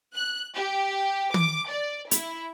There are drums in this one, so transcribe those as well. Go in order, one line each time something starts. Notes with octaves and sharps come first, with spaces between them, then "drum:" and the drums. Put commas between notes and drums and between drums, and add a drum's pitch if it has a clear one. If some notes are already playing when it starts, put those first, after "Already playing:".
F#6
G4
D6, drum: tom
D5
E4, drum: hi-hat